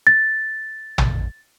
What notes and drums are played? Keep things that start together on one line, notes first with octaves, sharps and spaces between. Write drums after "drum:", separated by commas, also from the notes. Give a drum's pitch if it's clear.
A6
drum: tom